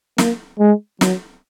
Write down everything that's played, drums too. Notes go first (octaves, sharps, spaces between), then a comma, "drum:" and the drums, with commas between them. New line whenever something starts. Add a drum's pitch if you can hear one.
A#3, drum: snare
G#3
F#3, drum: snare